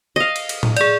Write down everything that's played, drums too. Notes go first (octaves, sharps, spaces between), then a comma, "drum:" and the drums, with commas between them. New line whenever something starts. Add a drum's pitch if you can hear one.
D#5 F5
drum: cymbal
drum: cymbal
drum: tom A2
G#4 D5, drum: cymbal